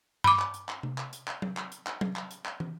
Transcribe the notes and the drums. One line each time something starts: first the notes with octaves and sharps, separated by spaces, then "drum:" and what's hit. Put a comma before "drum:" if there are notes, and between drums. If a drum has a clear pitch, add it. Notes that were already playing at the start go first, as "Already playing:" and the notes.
B5 D6, drum: tom G2
drum: clap
drum: hi-hat
drum: clap
drum: tom C3
drum: clap
drum: hi-hat
drum: clap
drum: tom F#3
drum: clap
drum: hi-hat
drum: clap
drum: tom F#3
drum: clap
drum: hi-hat
drum: clap
drum: tom